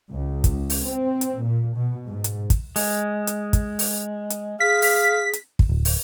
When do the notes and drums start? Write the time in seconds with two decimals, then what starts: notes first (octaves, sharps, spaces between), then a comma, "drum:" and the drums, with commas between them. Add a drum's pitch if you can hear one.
0.12 C#2
0.44 drum: kick, hi-hat
0.70 drum: open hi-hat
0.86 C4
1.21 drum: hi-hat
1.42 A#2
1.77 B2
2.08 G#2
2.24 drum: hi-hat
2.50 drum: kick, hi-hat
2.76 G#3, drum: open hi-hat
3.27 drum: hi-hat
3.53 drum: kick, hi-hat
3.79 drum: open hi-hat
4.30 drum: hi-hat
4.60 G#4 F5 B6
4.82 drum: open hi-hat
5.33 drum: hi-hat
5.59 drum: kick
5.69 D1
5.85 drum: open hi-hat